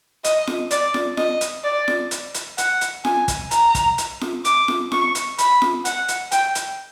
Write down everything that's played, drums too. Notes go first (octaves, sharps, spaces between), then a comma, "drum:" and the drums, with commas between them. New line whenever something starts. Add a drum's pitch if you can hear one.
D#5, drum: hi-hat
drum: snare F4
D5, drum: hi-hat
drum: snare F4
D#5, drum: snare F4
drum: hi-hat
D5
drum: snare F4
drum: hi-hat
drum: hi-hat
F#5, drum: hi-hat
drum: hi-hat
G#5, drum: snare F4
drum: kick, hi-hat
A#5, drum: hi-hat
drum: kick, hi-hat
drum: hi-hat
drum: snare F4
D6, drum: hi-hat
drum: snare F4
C#6, drum: snare F4
drum: hi-hat
B5, drum: hi-hat
drum: snare F4
F#5, drum: hi-hat
drum: hi-hat
G5, drum: hi-hat
drum: hi-hat